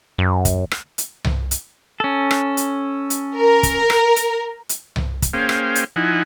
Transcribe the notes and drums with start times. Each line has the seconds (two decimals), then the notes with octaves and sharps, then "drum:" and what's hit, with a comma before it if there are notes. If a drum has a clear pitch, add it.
0.18 F#2
0.45 drum: kick, hi-hat
0.71 drum: rim click
0.98 drum: hi-hat
1.24 drum: tom C2
1.51 drum: hi-hat
2.00 C#4 A4
2.31 drum: rim click
2.57 drum: hi-hat
3.10 drum: hi-hat
3.34 A#4
3.63 drum: kick, hi-hat
3.90 drum: rim click
4.16 drum: hi-hat
4.69 drum: hi-hat
4.96 drum: tom C2
5.22 drum: kick, hi-hat
5.33 A#3 C#4 G#4 C5 F5 G5
5.49 drum: rim click
5.75 drum: hi-hat
5.96 F3 D#4 E4 F#5 G#5